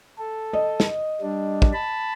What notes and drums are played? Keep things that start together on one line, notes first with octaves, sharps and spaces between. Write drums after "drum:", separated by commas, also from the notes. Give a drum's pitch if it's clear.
A4
D#5
drum: snare
G3 D4
drum: kick
A5 B5